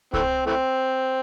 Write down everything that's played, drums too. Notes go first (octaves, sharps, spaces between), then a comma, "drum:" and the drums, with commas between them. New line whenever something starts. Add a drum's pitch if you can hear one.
E3 A3 C4, drum: kick C2
E3 A3 C4